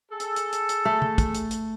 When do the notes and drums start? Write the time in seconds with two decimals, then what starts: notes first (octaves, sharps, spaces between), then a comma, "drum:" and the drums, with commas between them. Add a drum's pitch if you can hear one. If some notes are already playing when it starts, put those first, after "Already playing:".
0.10 G#4 A4
0.20 drum: hi-hat
0.36 drum: hi-hat
0.53 drum: hi-hat
0.69 drum: hi-hat
0.85 A3
1.02 drum: tom
1.18 drum: kick, hi-hat
1.34 drum: hi-hat
1.51 drum: hi-hat